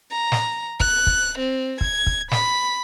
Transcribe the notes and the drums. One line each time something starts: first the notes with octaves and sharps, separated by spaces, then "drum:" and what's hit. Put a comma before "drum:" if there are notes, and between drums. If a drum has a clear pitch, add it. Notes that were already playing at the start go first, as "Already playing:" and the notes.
A#5
drum: snare
F#6, drum: kick
drum: kick
C4
G#6, drum: kick
drum: kick
B5, drum: snare